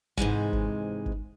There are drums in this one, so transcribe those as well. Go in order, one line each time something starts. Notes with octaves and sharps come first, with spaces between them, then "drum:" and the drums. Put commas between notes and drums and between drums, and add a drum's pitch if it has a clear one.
G#2 C3 E3 G#3, drum: kick G1
drum: kick G1
drum: kick G1